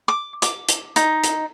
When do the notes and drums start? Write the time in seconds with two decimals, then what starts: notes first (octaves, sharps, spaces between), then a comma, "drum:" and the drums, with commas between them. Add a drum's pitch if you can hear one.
0.08 D6
0.42 D6, drum: hi-hat
0.69 drum: hi-hat
0.96 D#4, drum: hi-hat
1.24 drum: hi-hat